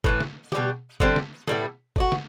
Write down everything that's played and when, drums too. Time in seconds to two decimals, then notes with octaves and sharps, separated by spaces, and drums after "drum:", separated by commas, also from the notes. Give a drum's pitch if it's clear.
0.04 A2 E3 A3, drum: kick
0.20 drum: snare
0.52 B2 G3 D4 G4, drum: snare
1.00 D3 G3 C4 E4, drum: kick
1.16 drum: snare
1.48 A2 G3 B3 E4, drum: snare
1.96 A3 D4 F#4, drum: kick
2.12 drum: snare